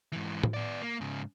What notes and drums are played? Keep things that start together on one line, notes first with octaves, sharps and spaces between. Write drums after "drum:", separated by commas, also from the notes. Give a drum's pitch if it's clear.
G#2 E3
drum: tom A2
B3 D5
A#3
G#2 C#3